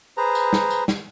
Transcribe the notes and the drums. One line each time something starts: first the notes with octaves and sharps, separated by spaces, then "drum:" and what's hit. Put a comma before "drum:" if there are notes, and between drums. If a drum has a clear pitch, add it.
G#4 B4 C5 A#5
drum: tambourine
drum: snare
drum: tambourine
drum: snare